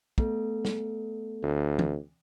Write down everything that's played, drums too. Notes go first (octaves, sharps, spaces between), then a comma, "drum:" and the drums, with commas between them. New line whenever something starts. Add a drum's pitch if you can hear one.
A3 B3 A4, drum: kick
drum: snare
D2
drum: tom